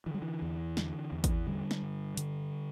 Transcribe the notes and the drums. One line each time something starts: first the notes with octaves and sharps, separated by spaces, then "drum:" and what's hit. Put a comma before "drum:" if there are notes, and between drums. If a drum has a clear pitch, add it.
D3 E3
G3
E3
E2
D3, drum: snare
E2
drum: kick G#1, hi-hat
D3 G3
drum: snare
G2
D3, drum: hi-hat